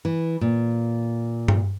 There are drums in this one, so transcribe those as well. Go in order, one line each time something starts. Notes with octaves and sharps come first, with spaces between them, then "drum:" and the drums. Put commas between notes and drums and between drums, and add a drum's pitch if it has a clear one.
E3
A#2
drum: tom G2